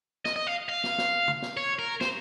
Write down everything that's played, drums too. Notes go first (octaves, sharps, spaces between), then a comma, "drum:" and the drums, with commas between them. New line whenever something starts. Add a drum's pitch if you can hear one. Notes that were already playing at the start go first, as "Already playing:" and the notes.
D#5, drum: snare
D#5
F5
F5
drum: snare
drum: snare
drum: tom
drum: snare
C#5
A#4
C5, drum: snare